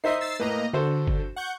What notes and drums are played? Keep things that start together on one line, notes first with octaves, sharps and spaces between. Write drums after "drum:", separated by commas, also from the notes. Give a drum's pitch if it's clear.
D#4 C5 D#5 E5 C7
E6 A6 C7
A2 A#3 B4 D#5 A#5
D3 F#4 A4 C5
drum: kick
F#5 C#6 G6